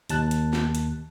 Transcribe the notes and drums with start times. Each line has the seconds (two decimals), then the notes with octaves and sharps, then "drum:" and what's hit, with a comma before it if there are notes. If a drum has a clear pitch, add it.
0.09 D#2 A5 F#6, drum: hi-hat
0.31 drum: hi-hat
0.53 drum: snare
0.75 drum: hi-hat